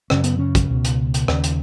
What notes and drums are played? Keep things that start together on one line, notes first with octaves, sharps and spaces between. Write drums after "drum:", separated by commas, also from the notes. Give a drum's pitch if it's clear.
F#2 C#3 C#4, drum: rim click
B3, drum: hi-hat
C#3 C#4
drum: kick, hi-hat
C#2 B2
drum: hi-hat
drum: hi-hat
D#2 C#3, drum: rim click
drum: hi-hat